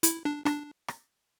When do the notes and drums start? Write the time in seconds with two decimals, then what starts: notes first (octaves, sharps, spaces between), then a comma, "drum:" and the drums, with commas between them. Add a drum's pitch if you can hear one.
0.03 E4, drum: hi-hat
0.25 D4
0.46 D4, drum: rim click
0.88 drum: rim click